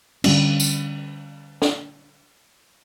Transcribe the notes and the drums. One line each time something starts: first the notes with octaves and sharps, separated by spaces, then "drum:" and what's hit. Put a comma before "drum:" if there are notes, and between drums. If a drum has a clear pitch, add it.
D3 G3 C#4, drum: cymbal
drum: tambourine
drum: snare